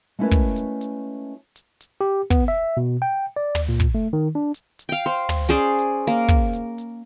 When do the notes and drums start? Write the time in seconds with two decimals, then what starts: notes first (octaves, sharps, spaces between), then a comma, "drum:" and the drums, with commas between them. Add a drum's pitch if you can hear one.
0.19 G#3 A3 C#4 E4 A#4 B4
0.31 drum: kick, hi-hat
0.56 drum: hi-hat
0.81 drum: hi-hat
1.56 drum: hi-hat
1.81 drum: hi-hat
2.01 G4
2.30 B3, drum: kick, hi-hat
2.48 E5
2.77 B2
3.02 G5
3.36 D5
3.55 drum: tom
3.69 A#2
3.80 drum: kick, hi-hat
3.95 A3
4.13 D#3
4.35 D4
4.54 drum: hi-hat
4.79 drum: hi-hat
4.89 F5 G5
5.06 C5
5.29 drum: tom
5.49 C#4 G#4 C5 D5
5.79 drum: hi-hat
6.07 A#3
6.28 drum: kick, hi-hat
6.53 drum: hi-hat
6.78 drum: hi-hat